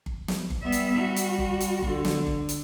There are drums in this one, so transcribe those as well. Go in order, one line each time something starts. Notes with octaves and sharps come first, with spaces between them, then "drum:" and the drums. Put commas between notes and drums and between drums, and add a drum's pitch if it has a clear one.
drum: kick G1
drum: snare
drum: kick G1
G3 B3 E5
drum: hi-hat
F#4
drum: hi-hat
drum: kick G1
drum: hi-hat
D3, drum: kick G1
drum: snare
drum: kick G1
drum: hi-hat